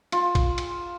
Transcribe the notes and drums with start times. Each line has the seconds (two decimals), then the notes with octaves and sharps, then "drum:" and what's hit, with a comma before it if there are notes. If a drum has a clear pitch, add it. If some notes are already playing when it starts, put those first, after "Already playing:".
0.12 F4, drum: cymbal
0.35 drum: kick A#1, cymbal
0.58 drum: cymbal